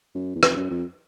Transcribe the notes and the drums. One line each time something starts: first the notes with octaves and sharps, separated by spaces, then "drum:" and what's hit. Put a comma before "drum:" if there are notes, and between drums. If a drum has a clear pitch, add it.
F#2
E2
F2, drum: rim click
F#2
F2